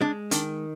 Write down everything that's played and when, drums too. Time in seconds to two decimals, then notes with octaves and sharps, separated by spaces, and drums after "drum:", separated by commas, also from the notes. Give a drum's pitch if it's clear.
0.01 G#3 D4
0.31 D#3 D4, drum: hi-hat